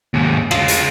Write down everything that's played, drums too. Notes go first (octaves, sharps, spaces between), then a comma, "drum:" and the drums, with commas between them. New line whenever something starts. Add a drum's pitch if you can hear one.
D#2 G#2
G#3 F4, drum: rim click
drum: hi-hat